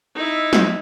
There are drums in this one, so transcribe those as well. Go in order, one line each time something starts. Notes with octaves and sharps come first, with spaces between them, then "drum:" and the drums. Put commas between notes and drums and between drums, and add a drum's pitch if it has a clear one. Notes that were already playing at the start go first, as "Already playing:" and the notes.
D#4 E4
drum: snare